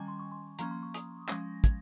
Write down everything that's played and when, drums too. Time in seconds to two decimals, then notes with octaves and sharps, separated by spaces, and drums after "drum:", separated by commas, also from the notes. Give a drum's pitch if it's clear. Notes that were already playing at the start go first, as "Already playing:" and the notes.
Already playing: D#3 G3 C#4 G#5
0.08 C6
0.19 C#6
0.32 C6
0.59 F3 A#3 C#4 A#5, drum: hi-hat
0.71 C6
0.83 C#6
0.94 D#6, drum: hi-hat
1.29 F3 G#3 C#4 A#6, drum: clap
1.64 G#6, drum: kick, hi-hat